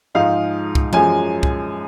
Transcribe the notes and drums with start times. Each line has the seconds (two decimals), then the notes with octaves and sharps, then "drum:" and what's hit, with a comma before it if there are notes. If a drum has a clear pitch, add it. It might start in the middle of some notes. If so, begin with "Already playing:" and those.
0.14 G#2 F3 G#3 D#4 F5
0.75 drum: kick C2
0.93 F#2 F3 G#3 G#5, drum: tom E3
1.43 drum: kick C2